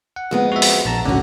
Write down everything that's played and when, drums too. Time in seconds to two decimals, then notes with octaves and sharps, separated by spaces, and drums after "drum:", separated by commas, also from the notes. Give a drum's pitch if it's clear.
0.16 F#5
0.31 F2 G#3 B3
0.52 F#4 E5
0.62 drum: open hi-hat
0.85 A#1 A5 A#5
1.05 G#1 C#2 D3 C#4 F#4